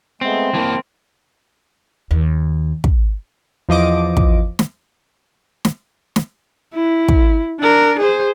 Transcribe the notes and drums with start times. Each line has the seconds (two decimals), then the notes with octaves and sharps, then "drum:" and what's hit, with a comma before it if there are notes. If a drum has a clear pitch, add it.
0.21 G#3 A3 B3 C4
0.54 E3 A#3 A5
2.11 D#2
2.84 drum: kick
3.69 E2 F3 D#5 D6
4.17 drum: kick
4.59 drum: snare
5.65 drum: snare
6.16 drum: snare
6.74 E4
7.08 drum: kick
7.60 D4 A#4
7.99 G#4 C5